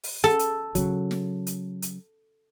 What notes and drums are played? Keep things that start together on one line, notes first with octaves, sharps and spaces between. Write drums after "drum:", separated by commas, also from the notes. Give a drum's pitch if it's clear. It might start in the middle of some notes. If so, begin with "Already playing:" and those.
drum: open hi-hat
A4
drum: hi-hat
C#3 F#3, drum: kick, hi-hat
drum: snare
drum: hi-hat
drum: hi-hat